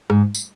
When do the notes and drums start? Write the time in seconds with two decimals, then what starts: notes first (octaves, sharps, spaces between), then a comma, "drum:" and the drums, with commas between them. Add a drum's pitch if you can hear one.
0.10 G#2, drum: rim click
0.35 drum: tambourine